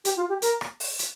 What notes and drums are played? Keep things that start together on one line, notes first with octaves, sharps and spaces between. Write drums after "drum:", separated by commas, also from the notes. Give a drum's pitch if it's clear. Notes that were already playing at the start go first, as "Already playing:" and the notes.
G4, drum: hi-hat
F4
G4
A#4, drum: hi-hat
drum: rim click
drum: open hi-hat
drum: hi-hat